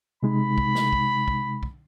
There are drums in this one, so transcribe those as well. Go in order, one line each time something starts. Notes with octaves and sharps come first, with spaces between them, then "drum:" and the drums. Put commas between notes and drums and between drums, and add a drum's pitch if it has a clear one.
C3 G#3 D#4 B5
drum: kick
drum: snare
drum: kick
drum: kick
drum: kick